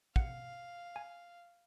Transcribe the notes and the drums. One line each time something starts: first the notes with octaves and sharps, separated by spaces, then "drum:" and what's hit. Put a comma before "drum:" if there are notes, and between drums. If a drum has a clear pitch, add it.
F5 F#5, drum: kick
G#5